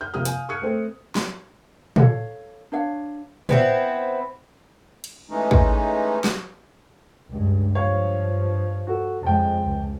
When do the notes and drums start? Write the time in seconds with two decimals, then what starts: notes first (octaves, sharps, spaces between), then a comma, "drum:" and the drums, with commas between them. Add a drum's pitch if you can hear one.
0.01 F6 G6
0.14 C3 F3 A#3 F5 D#6 F6
0.25 F5 G#5, drum: hi-hat
0.49 C#6 D#6 F6 F#6 G#6 C#7
0.62 A3 C4 A4
1.15 drum: snare
1.96 A4 C#5 F5, drum: tom
2.72 D4 C#5 F5
3.49 B3 C4 E4 C5, drum: tom
5.04 drum: cymbal
5.30 E3 G#3 A3 C#4 D#4
5.51 drum: kick
6.24 drum: snare
7.31 C#2 G2
7.75 G2 F3 C#5 F5
8.87 F#4 A4
9.23 F2 C#3 G#3 G5 A5
9.65 C#2